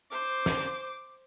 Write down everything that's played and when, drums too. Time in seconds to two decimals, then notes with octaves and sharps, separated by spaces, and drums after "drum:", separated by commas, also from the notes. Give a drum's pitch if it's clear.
0.11 C5 D6
0.46 drum: snare